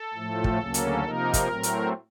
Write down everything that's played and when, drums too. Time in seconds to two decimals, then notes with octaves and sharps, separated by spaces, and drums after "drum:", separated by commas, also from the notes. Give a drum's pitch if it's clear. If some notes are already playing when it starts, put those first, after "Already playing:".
Already playing: A4
0.14 A2 F3 A3
0.44 drum: kick
0.59 D2 C#3 F#3 A#3 C#4
0.74 drum: hi-hat
1.03 C3 F3 A#3 D#4 A#4
1.34 drum: kick, hi-hat
1.49 A2 F#3 A3 C4
1.63 drum: hi-hat